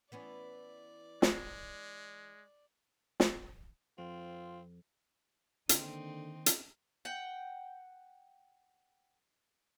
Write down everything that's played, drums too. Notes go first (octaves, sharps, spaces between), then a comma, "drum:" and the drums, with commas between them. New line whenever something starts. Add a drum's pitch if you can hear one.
E3 B3 C#4 D5
G#3, drum: snare
drum: snare
F2 C4 F4
D3 D#3 A#3 C4 D#4, drum: hi-hat
drum: hi-hat
F#5 G5